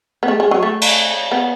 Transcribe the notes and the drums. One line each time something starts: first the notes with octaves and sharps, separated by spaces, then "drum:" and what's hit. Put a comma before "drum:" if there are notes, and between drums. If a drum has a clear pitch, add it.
B3
A3
G#3
F#3
A3
drum: cymbal
B3